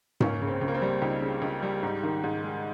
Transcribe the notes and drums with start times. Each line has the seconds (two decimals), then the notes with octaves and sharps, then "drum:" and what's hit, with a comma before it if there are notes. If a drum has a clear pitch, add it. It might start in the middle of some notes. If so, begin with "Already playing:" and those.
0.20 C#2 A#3 C#4, drum: tom G#2
0.41 C#3
0.48 C4
0.61 C#2
0.68 A#3
0.75 C4
0.82 G3
1.02 C#2 D#4 G4
1.22 C#3
1.42 C#2
1.63 G3
1.83 G#2
2.03 D#3
2.24 G#2
2.44 G#3